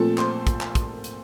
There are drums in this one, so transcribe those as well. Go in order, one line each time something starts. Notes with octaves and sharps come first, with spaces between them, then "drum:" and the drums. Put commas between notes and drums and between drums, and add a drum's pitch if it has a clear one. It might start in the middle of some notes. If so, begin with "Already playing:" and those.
Already playing: A#2 F3 A3 C4 A4 A5
C5 C6, drum: clap
drum: kick, hi-hat
drum: clap
drum: kick, hi-hat
drum: hi-hat